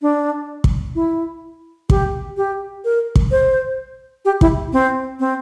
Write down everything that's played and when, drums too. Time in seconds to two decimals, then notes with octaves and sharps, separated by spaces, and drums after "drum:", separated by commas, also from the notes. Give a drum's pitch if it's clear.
0.02 D4
0.64 drum: kick
0.95 E4
1.90 G4, drum: kick
2.37 G4
2.85 A#4
3.16 drum: kick
3.31 C5
4.25 G4
4.41 E4, drum: kick
4.73 C4
5.20 C4